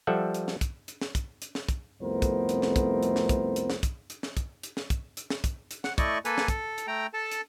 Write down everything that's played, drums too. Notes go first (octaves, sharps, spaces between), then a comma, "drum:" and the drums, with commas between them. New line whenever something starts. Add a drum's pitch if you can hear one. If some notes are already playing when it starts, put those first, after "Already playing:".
F3 G3 A4 E5 F#5
drum: hi-hat
drum: snare
drum: kick, hi-hat
drum: hi-hat
drum: snare
drum: kick, hi-hat
drum: hi-hat
drum: snare
drum: kick, hi-hat
C2 F2 A3 B3 A#4 C5
drum: kick, hi-hat
drum: hi-hat
drum: snare
drum: kick, hi-hat
drum: hi-hat
drum: snare
drum: kick, hi-hat
drum: hi-hat
drum: snare
drum: kick, hi-hat
drum: hi-hat
drum: snare
drum: kick, hi-hat
drum: hi-hat
drum: snare
drum: kick, hi-hat
drum: hi-hat
drum: snare
drum: kick, hi-hat
drum: hi-hat
F#5, drum: snare
A3 E4 D5 D#5 C#6, drum: kick, hi-hat
A#3 A4 B4 G#5, drum: hi-hat
drum: snare
A4, drum: kick, hi-hat
drum: hi-hat
A3 G5 A#5
A4 A5
drum: hi-hat